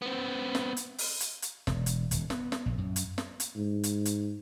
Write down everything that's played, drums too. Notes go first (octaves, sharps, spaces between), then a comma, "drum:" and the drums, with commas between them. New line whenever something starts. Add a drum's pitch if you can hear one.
B3 C4
drum: snare
drum: hi-hat
drum: open hi-hat
drum: hi-hat
drum: hi-hat
E1, drum: snare
drum: hi-hat
D#1, drum: hi-hat
B3, drum: snare
drum: snare
A#1
F#2
drum: hi-hat
drum: snare
drum: hi-hat
G#2
drum: hi-hat
drum: hi-hat